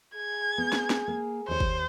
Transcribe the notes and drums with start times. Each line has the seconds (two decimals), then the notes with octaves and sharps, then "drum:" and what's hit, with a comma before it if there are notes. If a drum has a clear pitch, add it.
0.16 G#4 G#6
0.58 B3
0.72 drum: snare
0.90 drum: snare
1.08 A#3
1.48 D#2 C5 C#5
1.60 drum: kick